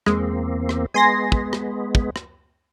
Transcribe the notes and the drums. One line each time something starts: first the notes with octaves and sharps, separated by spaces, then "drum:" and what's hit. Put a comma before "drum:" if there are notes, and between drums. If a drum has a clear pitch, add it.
E2 G#3 A#3 C4, drum: rim click
drum: rim click
G#3 B3 G#5 C6 A#6
drum: kick
drum: rim click
drum: kick
drum: rim click